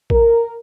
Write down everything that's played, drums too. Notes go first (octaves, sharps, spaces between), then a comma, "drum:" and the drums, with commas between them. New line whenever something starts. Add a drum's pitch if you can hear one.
A#4, drum: kick A#1